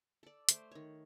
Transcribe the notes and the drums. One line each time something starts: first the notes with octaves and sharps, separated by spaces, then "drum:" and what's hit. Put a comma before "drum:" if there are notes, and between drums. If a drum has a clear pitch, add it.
A4 D5
A3 C5 C6 D6, drum: hi-hat
D#3 C#5